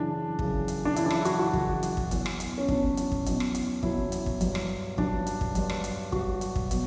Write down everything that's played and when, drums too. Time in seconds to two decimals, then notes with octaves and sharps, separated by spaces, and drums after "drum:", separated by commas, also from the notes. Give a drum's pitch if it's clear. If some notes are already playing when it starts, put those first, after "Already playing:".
Already playing: F#2 C#3 E3 D4
0.39 F#2 C#3 E3, drum: kick
0.68 drum: hi-hat
0.85 D4
0.96 F#2 C#3 E3 E4, drum: hi-hat
1.06 D4
1.10 E4, drum: rim click
1.25 F#4, drum: hi-hat
1.39 F#4
1.53 F#2 C#3 E3, drum: kick
1.83 drum: hi-hat
1.97 drum: kick
2.11 E2 B2 F#3, drum: hi-hat
2.26 drum: rim click
2.40 drum: hi-hat
2.58 C#4
2.68 E2 B2 F#3 D4, drum: kick
2.97 drum: hi-hat
3.12 drum: kick
3.26 E2 B2 F#3, drum: hi-hat
3.40 drum: rim click
3.55 drum: hi-hat
3.83 E2 B2 F#3 E4, drum: kick
4.12 drum: hi-hat
4.26 drum: kick
4.41 G2 F#3, drum: hi-hat
4.55 drum: rim click
4.98 G2 F#3 D4, drum: kick
5.27 drum: hi-hat
5.41 drum: kick
5.55 G2 F#3, drum: hi-hat
5.70 drum: rim click
5.84 drum: hi-hat
6.12 G2 F#3 F#4, drum: kick
6.41 drum: hi-hat
6.55 drum: kick
6.71 B2 F#3, drum: hi-hat